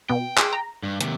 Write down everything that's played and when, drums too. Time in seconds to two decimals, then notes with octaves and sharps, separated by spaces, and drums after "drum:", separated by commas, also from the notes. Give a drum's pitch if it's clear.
0.10 B2 B3 G5
0.38 G#4, drum: clap
0.53 A#5
0.83 G2
1.01 D#2 C3, drum: hi-hat